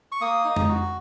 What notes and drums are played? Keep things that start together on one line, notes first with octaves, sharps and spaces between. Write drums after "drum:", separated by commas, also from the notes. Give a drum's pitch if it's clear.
C#6
A#3 D#6
D#4
drum: tom F2
F#4